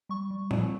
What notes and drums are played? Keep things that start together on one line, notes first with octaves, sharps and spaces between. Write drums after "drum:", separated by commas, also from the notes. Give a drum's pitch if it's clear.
G3 C#6
G3
C4, drum: tom